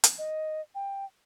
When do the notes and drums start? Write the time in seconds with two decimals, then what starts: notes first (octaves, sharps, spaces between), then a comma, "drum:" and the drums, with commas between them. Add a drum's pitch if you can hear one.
0.04 drum: hi-hat
0.18 D#5
0.75 G5